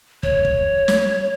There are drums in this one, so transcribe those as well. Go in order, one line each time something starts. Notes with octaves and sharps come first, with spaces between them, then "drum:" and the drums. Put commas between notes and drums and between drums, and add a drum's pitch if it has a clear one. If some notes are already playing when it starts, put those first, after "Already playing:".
C#5, drum: kick
drum: kick
drum: snare